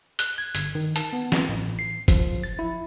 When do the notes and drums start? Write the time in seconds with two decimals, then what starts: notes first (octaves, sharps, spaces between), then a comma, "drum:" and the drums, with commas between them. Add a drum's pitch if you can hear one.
0.19 F#6, drum: hi-hat
0.38 G#6
0.55 G1, drum: hi-hat
0.75 D#3
0.96 A5, drum: hi-hat
1.13 B3
1.32 drum: snare
1.49 A1
1.79 C7
2.08 F3, drum: kick, hi-hat
2.44 A6
2.59 E4